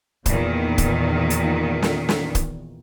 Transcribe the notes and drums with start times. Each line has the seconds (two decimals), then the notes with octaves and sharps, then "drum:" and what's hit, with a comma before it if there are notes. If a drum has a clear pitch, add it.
0.26 E2 A#2 D#3, drum: kick, hi-hat
0.78 drum: kick, hi-hat
1.30 drum: hi-hat
1.82 drum: snare
2.09 drum: snare
2.35 drum: kick, hi-hat